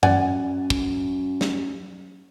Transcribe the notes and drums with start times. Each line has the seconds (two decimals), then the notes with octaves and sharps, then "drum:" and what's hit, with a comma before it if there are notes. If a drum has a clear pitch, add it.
0.03 F#2 D5 F#5 G#5, drum: tom F#2
0.70 drum: kick
1.41 drum: snare